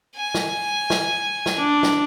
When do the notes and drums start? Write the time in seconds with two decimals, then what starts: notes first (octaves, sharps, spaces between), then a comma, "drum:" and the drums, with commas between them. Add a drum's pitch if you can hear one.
0.16 G#5
0.34 drum: snare
0.90 drum: snare
1.46 drum: snare
1.58 D4
1.83 drum: snare